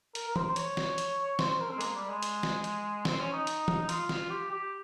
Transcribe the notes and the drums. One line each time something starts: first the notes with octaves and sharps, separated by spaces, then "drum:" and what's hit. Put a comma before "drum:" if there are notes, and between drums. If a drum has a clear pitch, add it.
A#4, drum: hi-hat
A#4
C5, drum: tom E3
C5
C#5, drum: hi-hat
drum: snare
drum: hi-hat
C5, drum: snare
C5
A#4
C4
G#3
A#3, drum: hi-hat
G3
G#3
drum: hi-hat
drum: snare
drum: hi-hat
C4, drum: snare
C#4
D#4
drum: hi-hat
drum: tom E3
F4, drum: hi-hat
drum: snare
G4
G4